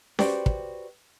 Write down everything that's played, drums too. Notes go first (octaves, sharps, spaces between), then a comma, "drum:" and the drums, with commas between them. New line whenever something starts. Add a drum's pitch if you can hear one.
F#4 G4 B4 C5 D5 G5, drum: snare C#4
drum: kick